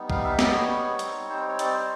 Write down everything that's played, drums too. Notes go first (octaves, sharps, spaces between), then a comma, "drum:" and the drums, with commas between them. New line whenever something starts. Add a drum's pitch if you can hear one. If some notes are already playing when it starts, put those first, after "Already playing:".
Already playing: G3 B3 D#4
F5, drum: kick B1
E5
D5, drum: snare
C#5
G3 C4 D#4, drum: hi-hat
C5
C#5
D5, drum: hi-hat
C5